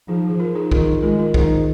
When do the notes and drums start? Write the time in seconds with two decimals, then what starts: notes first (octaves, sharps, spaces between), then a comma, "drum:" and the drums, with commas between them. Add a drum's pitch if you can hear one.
0.08 F3 D#4 G#4
0.29 G#4
0.40 F4 A#4
0.55 D#4 G#4
0.72 D#3 F4 A#4, drum: kick
1.03 G#3 F4 A#4
1.19 F4 A#4
1.34 D#3 G#4 C5, drum: kick